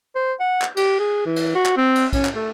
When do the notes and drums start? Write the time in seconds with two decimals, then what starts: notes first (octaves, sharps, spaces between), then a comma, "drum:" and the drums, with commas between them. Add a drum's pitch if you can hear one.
0.15 C5
0.40 F#5
0.62 drum: clap
0.77 G4, drum: cymbal
1.00 G#4
1.26 E3
1.36 drum: cymbal
1.55 F#4
1.66 drum: clap
1.77 C4
1.95 drum: cymbal
2.13 C#4, drum: kick, cymbal
2.25 drum: clap
2.35 A3